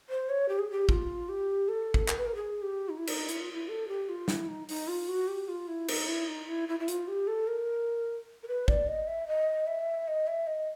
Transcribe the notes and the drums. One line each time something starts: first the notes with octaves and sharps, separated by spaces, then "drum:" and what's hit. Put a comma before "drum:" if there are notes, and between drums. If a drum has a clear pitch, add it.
C5
C#5
G4
G#4
G4
F4, drum: kick
G4
A4
drum: kick
A#4, drum: clap
B4
A#4
G#4
G4
D#4
E4
D#4, drum: cymbal
E4, drum: hi-hat
F4
E4
A4
G4
F4
E4, drum: snare
D#4
D#4, drum: open hi-hat
F4
F#4
G4
F4
E4
D#4, drum: cymbal
E4
D#4
E4
E4
E4
F4, drum: hi-hat
G4
A4
A#4
A#4
B4
D5, drum: kick
D#5
E5
D#5
E5
D#5
E5
D#5